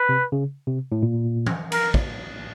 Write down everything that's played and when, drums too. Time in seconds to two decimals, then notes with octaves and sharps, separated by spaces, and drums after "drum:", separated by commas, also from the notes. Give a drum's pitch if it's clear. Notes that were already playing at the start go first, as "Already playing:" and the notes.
Already playing: B4
0.09 C3
0.32 C#3
0.67 C3
0.92 A2
1.03 A#2
1.47 drum: tom E3
1.72 A#4, drum: cymbal
1.94 drum: kick